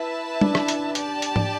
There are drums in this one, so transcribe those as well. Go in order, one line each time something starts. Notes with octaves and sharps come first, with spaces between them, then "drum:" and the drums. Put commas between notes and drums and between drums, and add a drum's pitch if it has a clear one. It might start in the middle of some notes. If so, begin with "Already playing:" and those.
Already playing: E4 B4 E5 A5
D4, drum: tom
drum: rim click
drum: hi-hat
G4 D5 A5, drum: hi-hat
drum: hi-hat
drum: tom G#2